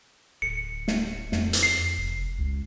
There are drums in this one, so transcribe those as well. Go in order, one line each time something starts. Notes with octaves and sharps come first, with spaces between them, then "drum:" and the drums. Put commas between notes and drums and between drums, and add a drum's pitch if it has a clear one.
D1 C#7
drum: snare
F2, drum: snare
drum: hi-hat
C7
F1
C#2